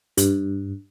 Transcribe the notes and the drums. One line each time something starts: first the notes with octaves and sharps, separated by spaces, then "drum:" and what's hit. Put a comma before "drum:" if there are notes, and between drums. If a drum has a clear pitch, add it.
G2, drum: hi-hat